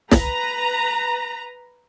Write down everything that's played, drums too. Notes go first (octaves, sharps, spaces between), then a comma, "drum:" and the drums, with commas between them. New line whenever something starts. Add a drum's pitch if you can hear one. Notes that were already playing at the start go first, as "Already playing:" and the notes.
B4 A#5, drum: snare